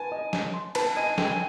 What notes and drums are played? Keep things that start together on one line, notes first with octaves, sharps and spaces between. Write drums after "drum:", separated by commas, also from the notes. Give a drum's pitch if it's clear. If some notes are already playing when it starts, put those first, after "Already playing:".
Already playing: B4 G#5 A5
D#5
G#5, drum: snare
C6
B4 A5, drum: cymbal
D#5 G#5
A4 G5, drum: snare
G#5